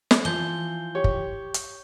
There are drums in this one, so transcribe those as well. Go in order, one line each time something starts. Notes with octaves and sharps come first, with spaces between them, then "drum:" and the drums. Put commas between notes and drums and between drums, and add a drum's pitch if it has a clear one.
drum: snare
E3 F3 G6 G7
G4 C#5
drum: kick
drum: hi-hat